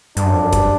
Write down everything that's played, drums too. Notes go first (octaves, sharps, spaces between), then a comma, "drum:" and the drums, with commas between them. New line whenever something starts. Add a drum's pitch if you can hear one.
G2 D4, drum: hi-hat
F#2
F2
F#2
G2, drum: kick, hi-hat